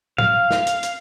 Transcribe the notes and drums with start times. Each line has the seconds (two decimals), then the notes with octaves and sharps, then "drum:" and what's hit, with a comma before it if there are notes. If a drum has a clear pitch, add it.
0.18 F5, drum: tom A2
0.51 drum: snare
0.67 drum: hi-hat
0.83 drum: hi-hat